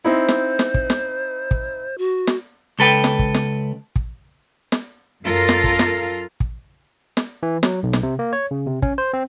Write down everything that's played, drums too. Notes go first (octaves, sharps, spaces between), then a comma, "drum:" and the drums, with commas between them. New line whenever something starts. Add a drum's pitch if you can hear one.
C4 D#4 E4 C5
drum: snare
drum: snare
drum: kick
drum: snare
drum: kick
F#4
drum: snare
C#2 A4 B4 G5
drum: snare
drum: kick
drum: snare
drum: kick
drum: snare
F#2 F4 A4 A#4 F5
drum: snare
drum: kick
drum: snare
drum: kick
drum: snare
E3
F#3, drum: snare
B1
drum: snare
C3
A#3
C#5
C#3
C3
C#4, drum: kick
C5
C4